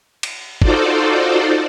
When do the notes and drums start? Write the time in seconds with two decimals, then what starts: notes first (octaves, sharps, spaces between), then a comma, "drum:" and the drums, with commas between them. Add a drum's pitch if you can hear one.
0.23 drum: cymbal
0.62 D#4 F4 F#4 A4 C5 D5, drum: kick